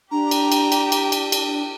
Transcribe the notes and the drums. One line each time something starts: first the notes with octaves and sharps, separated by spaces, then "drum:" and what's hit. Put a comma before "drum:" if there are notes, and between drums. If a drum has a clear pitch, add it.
D4 G4 A#5
drum: cymbal
drum: cymbal
drum: cymbal
drum: cymbal
drum: cymbal
drum: cymbal